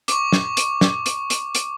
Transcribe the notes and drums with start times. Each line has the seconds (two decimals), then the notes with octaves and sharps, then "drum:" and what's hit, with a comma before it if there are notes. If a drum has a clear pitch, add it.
0.08 C#6 D6, drum: hi-hat
0.33 drum: snare
0.57 drum: hi-hat
0.81 drum: snare
1.06 drum: hi-hat
1.30 drum: hi-hat
1.55 drum: hi-hat